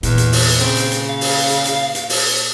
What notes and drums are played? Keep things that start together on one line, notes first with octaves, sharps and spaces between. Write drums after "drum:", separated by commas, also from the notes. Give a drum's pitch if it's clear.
E2 A#2, drum: hi-hat
drum: hi-hat
drum: open hi-hat
drum: hi-hat
C#3 C4
drum: hi-hat
drum: hi-hat
F5
drum: open hi-hat
drum: hi-hat
drum: hi-hat
drum: hi-hat
drum: open hi-hat